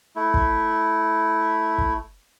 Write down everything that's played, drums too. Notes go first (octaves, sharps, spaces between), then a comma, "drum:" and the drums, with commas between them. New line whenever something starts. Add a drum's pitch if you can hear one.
A3 E4
drum: kick
drum: kick